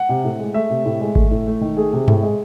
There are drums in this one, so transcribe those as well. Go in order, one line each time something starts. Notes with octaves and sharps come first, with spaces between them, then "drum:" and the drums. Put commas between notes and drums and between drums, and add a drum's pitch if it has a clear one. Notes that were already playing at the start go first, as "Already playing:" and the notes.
Already playing: F#5
C3
A2
G#3
A3 E5
C3
A2
G#3
A3, drum: kick G#1
A2
A3
D#3
A3 G#4
C3
A2, drum: tom G2
G#3